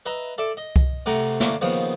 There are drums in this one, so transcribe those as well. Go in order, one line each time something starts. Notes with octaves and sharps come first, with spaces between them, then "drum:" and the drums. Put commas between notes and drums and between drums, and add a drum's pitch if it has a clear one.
B4 D#5 E5 A#5
A4 D5 E5
D#5
drum: kick C2
C3 A3 F#5 A#5, drum: cymbal
D3 A3 A#3 C#4, drum: snare
D#2 C#3 F3 B3